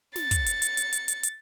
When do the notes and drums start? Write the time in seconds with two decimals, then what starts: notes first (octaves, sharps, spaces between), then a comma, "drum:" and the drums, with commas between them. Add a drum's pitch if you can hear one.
0.16 A6 C#7, drum: snare
0.31 drum: kick, hi-hat
0.46 drum: hi-hat
0.62 drum: hi-hat
0.77 drum: hi-hat
0.93 drum: hi-hat
1.08 drum: hi-hat
1.23 drum: hi-hat